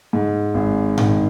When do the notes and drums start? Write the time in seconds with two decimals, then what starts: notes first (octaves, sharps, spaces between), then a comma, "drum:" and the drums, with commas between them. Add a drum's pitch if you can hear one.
0.13 G#2
0.54 G#1
0.98 D#3, drum: tom G#2